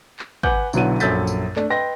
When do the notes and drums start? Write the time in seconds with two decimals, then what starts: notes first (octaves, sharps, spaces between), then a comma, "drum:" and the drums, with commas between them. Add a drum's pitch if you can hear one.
0.19 drum: clap
0.43 B4 F#5 G#5 D6 F#6 G6, drum: kick
0.73 B1 D3 F#3 B3 E4 D#7, drum: tambourine
1.00 A#1 F#2 A4 G6 A6 B6, drum: tambourine
1.27 drum: tambourine
1.56 A3 D4, drum: clap
1.70 B4 D#5 G5 C6 A#6